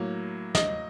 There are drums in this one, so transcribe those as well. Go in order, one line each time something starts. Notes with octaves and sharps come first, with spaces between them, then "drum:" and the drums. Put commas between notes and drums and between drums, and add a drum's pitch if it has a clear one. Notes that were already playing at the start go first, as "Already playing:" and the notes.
Already playing: A2 F#3 A#3
D#5, drum: snare